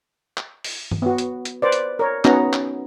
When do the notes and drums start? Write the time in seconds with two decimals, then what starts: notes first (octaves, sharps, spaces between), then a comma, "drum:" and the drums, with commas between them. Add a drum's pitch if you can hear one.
0.37 drum: clap
0.64 drum: open hi-hat
0.91 drum: tom
1.02 B3 F#4
1.18 drum: hi-hat
1.45 drum: hi-hat
1.62 B4 C5 D5
1.72 drum: hi-hat
1.99 A#4 C#5
2.25 B3 C#4 D#4 F#4 A#5, drum: clap
2.53 drum: clap